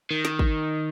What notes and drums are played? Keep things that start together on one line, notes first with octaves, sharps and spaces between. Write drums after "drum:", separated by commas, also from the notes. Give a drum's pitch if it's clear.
D#3
drum: snare
drum: kick